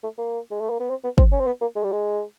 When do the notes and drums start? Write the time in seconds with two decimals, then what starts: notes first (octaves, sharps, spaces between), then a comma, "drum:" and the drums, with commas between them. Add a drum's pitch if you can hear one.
0.04 A3
0.18 A#3
0.51 G#3
0.61 A3
0.70 A#3
0.80 B3
0.90 C4
1.04 B3
1.18 C4, drum: kick
1.32 C#4
1.40 C4
1.47 B3
1.61 A#3
1.76 G#3
1.84 G3
1.92 G#3